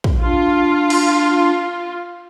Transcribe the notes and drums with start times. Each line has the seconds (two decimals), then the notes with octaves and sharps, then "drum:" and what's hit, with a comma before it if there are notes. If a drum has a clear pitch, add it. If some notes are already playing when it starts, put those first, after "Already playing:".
0.04 drum: kick
0.24 D4 F4
0.90 drum: cymbal